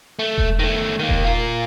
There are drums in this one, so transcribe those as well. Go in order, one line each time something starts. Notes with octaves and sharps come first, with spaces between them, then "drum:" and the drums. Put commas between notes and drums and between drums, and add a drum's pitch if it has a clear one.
A3
drum: kick E1
D#3 A3
D#3 A#3
drum: kick E1
F4 A#4